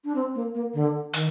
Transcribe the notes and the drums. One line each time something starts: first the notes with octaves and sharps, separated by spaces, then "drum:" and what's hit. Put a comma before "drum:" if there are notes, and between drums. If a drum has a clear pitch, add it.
D4
C4
A#3
A#3
D3
D#3, drum: hi-hat